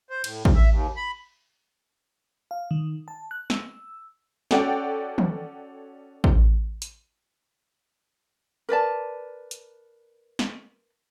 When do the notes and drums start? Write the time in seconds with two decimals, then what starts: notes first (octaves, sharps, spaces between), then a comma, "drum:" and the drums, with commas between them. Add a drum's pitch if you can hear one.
0.10 C5
0.24 A2, drum: cymbal
0.45 drum: kick
0.55 E5
0.70 D#2
0.96 B5
2.51 F5
2.71 D#3
3.08 A5
3.31 F#6
3.50 E6, drum: snare
4.51 C#4 F#4 A4 D5 F#5 G5, drum: snare
5.18 drum: tom D#3
6.24 drum: kick
6.82 drum: hi-hat
8.69 A#4 B4 D5 A5
9.51 drum: hi-hat
10.39 drum: snare